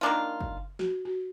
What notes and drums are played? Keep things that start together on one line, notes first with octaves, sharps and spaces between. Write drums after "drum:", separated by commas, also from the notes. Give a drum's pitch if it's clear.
D#3 A#3 D4 F4
drum: kick
F#4, drum: snare
F#4